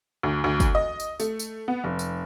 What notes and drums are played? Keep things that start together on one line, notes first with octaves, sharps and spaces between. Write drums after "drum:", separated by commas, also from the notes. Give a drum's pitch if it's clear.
D2
D2
drum: kick, tambourine
D#5
drum: tambourine
A3, drum: tambourine
drum: tambourine
B3
F1
drum: tambourine